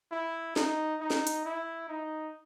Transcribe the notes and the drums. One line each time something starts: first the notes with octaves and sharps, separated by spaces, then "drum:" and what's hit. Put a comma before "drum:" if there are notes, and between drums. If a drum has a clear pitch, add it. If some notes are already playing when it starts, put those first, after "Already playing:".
E4
D#4, drum: snare
D#4
drum: snare
drum: hi-hat
E4
D#4